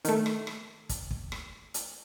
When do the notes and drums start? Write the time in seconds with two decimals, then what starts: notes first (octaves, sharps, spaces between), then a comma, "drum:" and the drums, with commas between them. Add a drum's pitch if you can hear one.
0.05 D#3 A3, drum: hi-hat
0.26 drum: rim click
0.47 drum: rim click
0.89 drum: kick, hi-hat
1.11 drum: kick
1.32 drum: rim click
1.74 drum: hi-hat